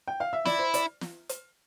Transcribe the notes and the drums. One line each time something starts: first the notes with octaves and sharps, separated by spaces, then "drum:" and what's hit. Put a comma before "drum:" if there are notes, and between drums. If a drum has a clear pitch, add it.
G5
F5
E5
E4 D5, drum: snare
C5
D5, drum: hi-hat
drum: snare
drum: hi-hat